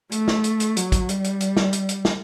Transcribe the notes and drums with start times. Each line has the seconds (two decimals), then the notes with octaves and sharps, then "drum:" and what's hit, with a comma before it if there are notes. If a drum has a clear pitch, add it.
0.12 A3, drum: hi-hat
0.28 drum: snare
0.44 drum: hi-hat
0.60 drum: hi-hat
0.77 F#3, drum: hi-hat
0.92 drum: kick, hi-hat
1.09 G3, drum: hi-hat
1.24 drum: hi-hat
1.40 drum: hi-hat
1.57 drum: snare
1.73 drum: hi-hat
1.89 drum: hi-hat
2.05 drum: snare